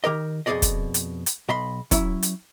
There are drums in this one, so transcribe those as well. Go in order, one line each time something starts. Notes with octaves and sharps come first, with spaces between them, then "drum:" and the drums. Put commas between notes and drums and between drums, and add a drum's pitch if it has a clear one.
D#3 G4 A#4 D#5
F2 B2 G4 G#4 D5 D#5
drum: kick, hi-hat
drum: hi-hat
drum: hi-hat
B1 D#5 B5 C6
F#3 C#4 E4, drum: kick, hi-hat
drum: hi-hat